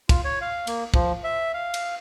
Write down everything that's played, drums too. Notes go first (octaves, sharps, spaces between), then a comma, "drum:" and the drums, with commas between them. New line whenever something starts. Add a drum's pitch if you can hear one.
F4, drum: kick, cymbal
C#5
F5
A#3, drum: cymbal
F3, drum: kick
E5
F5
drum: cymbal